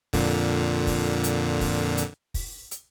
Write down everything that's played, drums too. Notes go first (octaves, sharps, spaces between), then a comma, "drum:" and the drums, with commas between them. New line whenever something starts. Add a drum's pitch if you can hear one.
F2 A#2 D3, drum: kick, open hi-hat
drum: kick, open hi-hat
drum: hi-hat
drum: kick, open hi-hat
drum: hi-hat
drum: kick, open hi-hat
drum: hi-hat